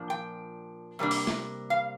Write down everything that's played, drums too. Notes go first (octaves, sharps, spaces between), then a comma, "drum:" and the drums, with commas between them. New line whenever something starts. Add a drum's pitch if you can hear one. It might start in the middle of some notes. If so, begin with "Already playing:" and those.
Already playing: A#2 F3 D4
G5
C3 G3 A#3 D4
drum: open hi-hat
drum: snare
F5